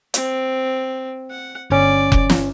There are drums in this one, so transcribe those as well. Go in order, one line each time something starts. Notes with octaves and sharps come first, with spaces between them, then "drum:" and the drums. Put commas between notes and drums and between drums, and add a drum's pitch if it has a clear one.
C4, drum: hi-hat
F#5
G1 C#4 D5
drum: kick F1
drum: snare